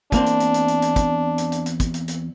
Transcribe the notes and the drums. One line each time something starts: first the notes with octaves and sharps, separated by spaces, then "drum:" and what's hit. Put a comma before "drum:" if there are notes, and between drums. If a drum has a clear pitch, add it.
E2 A#3 C4 D4, drum: kick, hi-hat
drum: hi-hat
drum: hi-hat
drum: hi-hat
drum: hi-hat
drum: hi-hat
drum: kick, hi-hat
drum: hi-hat
drum: hi-hat
drum: hi-hat
drum: kick, hi-hat
drum: hi-hat
drum: hi-hat